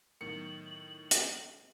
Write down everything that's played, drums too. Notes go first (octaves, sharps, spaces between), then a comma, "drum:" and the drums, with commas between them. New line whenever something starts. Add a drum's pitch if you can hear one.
A2 D#3 F#3 B3 A#4 C#7 F#7
drum: hi-hat